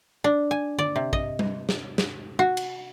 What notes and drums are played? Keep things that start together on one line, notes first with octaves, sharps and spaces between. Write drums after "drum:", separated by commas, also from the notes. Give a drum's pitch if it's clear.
D4
G#5
D5, drum: tom D3
C3
D#5, drum: kick
drum: tom G3
drum: snare
drum: snare
F#4
drum: cymbal